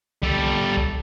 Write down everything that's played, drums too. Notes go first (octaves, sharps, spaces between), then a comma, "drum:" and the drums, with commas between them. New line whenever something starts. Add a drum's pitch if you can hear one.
G3 A4, drum: kick B1
drum: kick B1